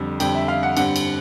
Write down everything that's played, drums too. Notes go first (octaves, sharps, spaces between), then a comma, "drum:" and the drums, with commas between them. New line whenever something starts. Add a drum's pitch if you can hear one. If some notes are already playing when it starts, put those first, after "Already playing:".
Already playing: F2 D3 G3
F2 D3 G3 G5, drum: cymbal
E5
F5
F#5
G2 D3 G3 C4 F#5, drum: cymbal
drum: cymbal